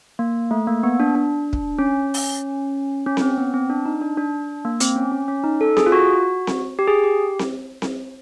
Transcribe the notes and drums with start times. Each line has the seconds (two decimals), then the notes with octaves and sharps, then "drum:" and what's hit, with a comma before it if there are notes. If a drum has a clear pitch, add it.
0.19 A#3
0.51 A3
0.67 A#3
0.83 B3
1.00 D4
1.15 D4
1.53 drum: kick
1.79 C#4
2.14 drum: open hi-hat
3.06 C#4
3.17 C#4, drum: snare C4
3.21 C4
3.38 B3
3.54 C4
3.70 D4
3.86 D#4
4.01 D4
4.17 D4
4.65 A#3
4.80 C4, drum: hi-hat
4.96 C#4
5.12 C#4
5.28 C#4
5.44 D#4
5.61 A4
5.77 G#4, drum: snare C4
5.86 F4
5.92 F#4
6.47 drum: snare C4
6.79 G4
6.87 G#4
7.04 G4
7.39 drum: snare C4
7.82 drum: snare C4